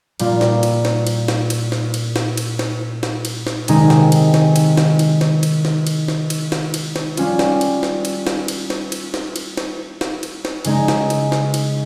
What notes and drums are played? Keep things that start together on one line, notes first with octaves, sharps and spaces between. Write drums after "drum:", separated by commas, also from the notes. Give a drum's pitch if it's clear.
A#2 G3 A#3 F4, drum: cymbal
drum: snare
drum: cymbal
drum: snare
drum: cymbal
drum: snare
drum: cymbal
drum: snare
drum: cymbal
drum: snare
drum: cymbal
drum: snare
drum: snare
drum: cymbal
drum: snare
C3 D#3 G#3 D#4, drum: cymbal
drum: snare
drum: cymbal
drum: snare
drum: cymbal
drum: snare
drum: cymbal
drum: snare
drum: cymbal
drum: snare
drum: cymbal
drum: snare
drum: cymbal
drum: snare
drum: cymbal
drum: snare
G3 C#4 F4, drum: cymbal
drum: snare
drum: cymbal
drum: snare
drum: cymbal
drum: snare
drum: cymbal
drum: snare
drum: cymbal
drum: snare
drum: cymbal
drum: snare
drum: snare
drum: cymbal
drum: snare
C#3 G#3 D#4, drum: cymbal
drum: snare
drum: cymbal
drum: snare
drum: cymbal